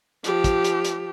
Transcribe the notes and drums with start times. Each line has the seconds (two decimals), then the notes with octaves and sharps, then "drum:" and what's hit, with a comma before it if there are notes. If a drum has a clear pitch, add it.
0.24 F3 G4, drum: hi-hat
0.44 drum: kick, hi-hat
0.64 drum: hi-hat
0.85 drum: hi-hat